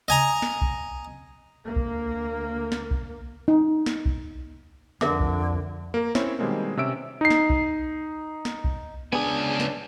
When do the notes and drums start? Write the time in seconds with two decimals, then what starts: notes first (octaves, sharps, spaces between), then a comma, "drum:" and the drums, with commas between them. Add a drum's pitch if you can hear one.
0.08 D#5 G#5 A#5
0.42 drum: snare
0.61 drum: kick B1
1.65 D2 A#3
1.76 drum: kick B1
2.72 drum: snare
2.91 drum: kick B1
3.48 D#4
3.86 drum: snare
4.06 drum: kick B1
5.01 F2 D3 A#4 E5 D6, drum: snare
5.20 drum: kick B1
5.94 A#3 A#4
6.15 C4 C#4 E4 C#5, drum: snare
6.39 B2 D#3 G3 G#3 A#3 C4
6.77 C3 C#4 E5 E6 D7
7.21 D#4 C7
7.30 drum: snare
7.50 drum: kick B1
8.45 drum: snare
8.64 drum: kick B1
9.13 C#2 B3 D4 G#4 G#5
9.60 drum: snare